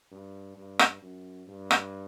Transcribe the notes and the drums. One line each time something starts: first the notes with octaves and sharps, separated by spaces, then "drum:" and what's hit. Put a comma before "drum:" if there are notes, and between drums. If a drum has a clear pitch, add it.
G2
G2
drum: rim click
F#2
G2
drum: rim click